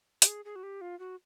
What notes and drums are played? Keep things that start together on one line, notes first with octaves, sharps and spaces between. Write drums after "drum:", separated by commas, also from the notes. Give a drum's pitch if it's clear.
G4, drum: hi-hat
G#4
G#4
F#4
G4
F4
F#4